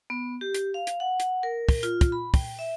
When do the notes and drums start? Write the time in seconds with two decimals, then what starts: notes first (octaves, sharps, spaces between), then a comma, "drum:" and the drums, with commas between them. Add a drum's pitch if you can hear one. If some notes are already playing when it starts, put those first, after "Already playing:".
0.10 B3
0.41 G4
0.54 drum: hi-hat
0.74 F5
0.87 drum: hi-hat
1.00 F#5
1.20 drum: hi-hat
1.43 A#4
1.69 drum: kick, open hi-hat
1.83 F4, drum: hi-hat
2.01 drum: kick, hi-hat
2.12 B5
2.34 G5, drum: kick, open hi-hat
2.59 E5